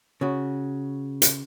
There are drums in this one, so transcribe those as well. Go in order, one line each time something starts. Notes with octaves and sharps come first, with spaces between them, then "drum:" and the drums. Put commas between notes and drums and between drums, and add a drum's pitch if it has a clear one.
C#3 F#4
drum: hi-hat